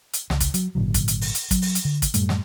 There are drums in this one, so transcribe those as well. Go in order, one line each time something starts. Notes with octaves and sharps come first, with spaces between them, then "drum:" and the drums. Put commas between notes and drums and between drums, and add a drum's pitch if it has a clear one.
drum: hi-hat
C#2, drum: snare
drum: kick, hi-hat
F#3, drum: hi-hat
G#1 A#2 D3 F#3
drum: kick, hi-hat
drum: hi-hat
drum: open hi-hat
drum: hi-hat
F#3, drum: kick, hi-hat
drum: open hi-hat
drum: hi-hat
D3
drum: kick, hi-hat
F#2 A2 G3 A3, drum: hi-hat
drum: snare